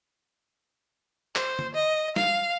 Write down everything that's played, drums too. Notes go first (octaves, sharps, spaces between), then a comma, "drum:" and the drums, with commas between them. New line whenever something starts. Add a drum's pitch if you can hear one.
C5, drum: clap
drum: tom D3
D#5
F5, drum: snare